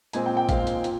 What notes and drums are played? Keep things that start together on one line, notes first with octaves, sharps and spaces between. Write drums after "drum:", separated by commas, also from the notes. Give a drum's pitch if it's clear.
A#2 G#3 C4 G#5, drum: hi-hat
G5
G5
A#2 G#3 C4 F5, drum: kick, hi-hat
drum: hi-hat
A#2, drum: hi-hat